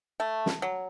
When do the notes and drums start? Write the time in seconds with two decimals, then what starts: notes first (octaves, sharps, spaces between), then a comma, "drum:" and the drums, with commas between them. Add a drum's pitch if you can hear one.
0.20 A3
0.46 drum: snare
0.62 F#3